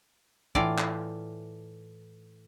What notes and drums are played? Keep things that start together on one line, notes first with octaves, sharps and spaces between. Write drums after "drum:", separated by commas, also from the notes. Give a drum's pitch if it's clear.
A2 E3 F4 D5, drum: kick
drum: clap